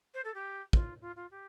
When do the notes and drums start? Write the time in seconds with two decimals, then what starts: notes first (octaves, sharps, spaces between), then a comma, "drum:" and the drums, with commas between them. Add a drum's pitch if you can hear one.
0.14 C5
0.24 A4
0.35 G4
0.73 F4, drum: kick
1.01 F4
1.16 F4
1.31 G4